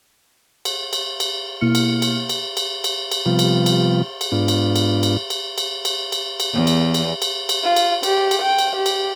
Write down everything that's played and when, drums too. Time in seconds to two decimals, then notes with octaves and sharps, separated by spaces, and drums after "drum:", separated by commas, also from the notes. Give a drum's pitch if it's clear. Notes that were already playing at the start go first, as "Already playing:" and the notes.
0.65 drum: cymbal
0.93 drum: cymbal
1.20 drum: cymbal
1.61 B2 A#3 E4 F6 C#7
1.75 drum: cymbal
2.02 drum: cymbal
2.29 drum: cymbal
2.57 drum: cymbal
2.84 drum: cymbal
3.11 drum: cymbal
3.26 C3 F3 G3 B3 F4
3.39 drum: cymbal
3.66 drum: cymbal
4.21 drum: cymbal
4.32 G#2 B3 D4 F4
4.48 drum: cymbal
4.76 drum: cymbal
5.03 drum: cymbal
5.30 drum: cymbal
5.58 drum: cymbal
5.85 drum: cymbal
6.12 drum: cymbal
6.40 drum: cymbal
6.54 E2
6.67 drum: cymbal
6.94 drum: cymbal
7.22 drum: cymbal
7.49 drum: cymbal
7.63 F4
7.76 drum: cymbal
8.03 G4, drum: cymbal
8.31 drum: cymbal
8.42 G5
8.58 drum: cymbal
8.76 G4
8.86 drum: cymbal